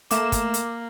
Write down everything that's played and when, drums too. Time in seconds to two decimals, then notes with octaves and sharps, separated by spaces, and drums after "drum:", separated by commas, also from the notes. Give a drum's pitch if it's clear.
0.11 A3 A#3 D6 E7, drum: hi-hat
0.32 drum: kick, hi-hat
0.54 drum: hi-hat